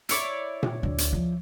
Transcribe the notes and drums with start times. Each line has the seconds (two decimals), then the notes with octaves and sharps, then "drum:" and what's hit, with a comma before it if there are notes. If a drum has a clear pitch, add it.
0.09 E4 C#5 D5, drum: hi-hat
0.63 drum: tom A#2
0.83 D2
0.98 drum: hi-hat
1.13 F3